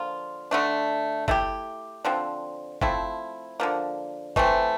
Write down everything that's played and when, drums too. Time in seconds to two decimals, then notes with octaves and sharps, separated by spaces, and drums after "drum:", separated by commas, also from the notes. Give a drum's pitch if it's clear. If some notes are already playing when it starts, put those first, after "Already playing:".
Already playing: D3 F3 A#3 F4
0.51 D3 A3 D4
1.28 A3 E4 G4, drum: kick G1
2.05 D3 F3 C4
2.81 F3 A3 C4 E4, drum: kick G1
3.60 D3 F3 A#3
4.36 E3 A3 C4, drum: kick G1